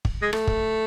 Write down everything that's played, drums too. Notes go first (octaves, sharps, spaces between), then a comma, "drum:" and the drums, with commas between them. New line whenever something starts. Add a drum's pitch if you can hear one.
drum: kick
G#3
A3, drum: rim click
drum: kick